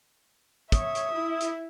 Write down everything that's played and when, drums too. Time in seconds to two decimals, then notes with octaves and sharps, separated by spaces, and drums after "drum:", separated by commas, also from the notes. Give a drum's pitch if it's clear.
0.72 C#5 E5 D#6, drum: kick, hi-hat
0.95 drum: hi-hat
1.11 E4
1.41 drum: hi-hat